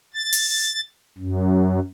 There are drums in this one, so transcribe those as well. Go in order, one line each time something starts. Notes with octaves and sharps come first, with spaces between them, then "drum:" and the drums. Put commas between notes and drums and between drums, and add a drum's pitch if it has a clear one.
A6
drum: open hi-hat
F#2